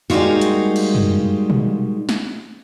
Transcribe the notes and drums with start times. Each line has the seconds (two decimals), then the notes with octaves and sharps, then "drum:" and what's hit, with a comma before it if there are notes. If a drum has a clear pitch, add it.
0.10 G3 G#3 A#3 D#4 F4 F#4
0.41 drum: hi-hat
0.76 drum: cymbal
0.95 drum: tom F#2
1.50 drum: tom A#2
2.09 drum: snare